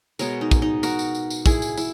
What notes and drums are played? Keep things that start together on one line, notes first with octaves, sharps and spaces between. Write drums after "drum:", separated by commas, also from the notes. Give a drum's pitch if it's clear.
B2 G#3 B3 A#4 C#5, drum: tambourine
D#4
drum: kick, tambourine
D#4
F#4 A#4, drum: tambourine
drum: tambourine
drum: tambourine
drum: tambourine
E4 G#4, drum: kick, tambourine
drum: tambourine
E4, drum: tambourine